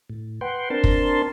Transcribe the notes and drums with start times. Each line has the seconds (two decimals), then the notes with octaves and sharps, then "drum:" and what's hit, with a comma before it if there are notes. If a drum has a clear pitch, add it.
0.10 A2
0.41 B4 F#5 G5 C6
0.70 C4 D4 A#4 A5 C6
0.84 drum: kick